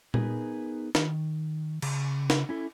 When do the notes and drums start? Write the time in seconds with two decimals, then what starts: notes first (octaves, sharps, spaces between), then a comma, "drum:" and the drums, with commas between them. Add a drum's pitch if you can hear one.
0.14 B3 D#4 G#4 A#4 B4, drum: tom A#2
0.95 D#3, drum: snare
1.82 C#3, drum: cymbal
2.30 drum: snare
2.49 C#4 E4 A4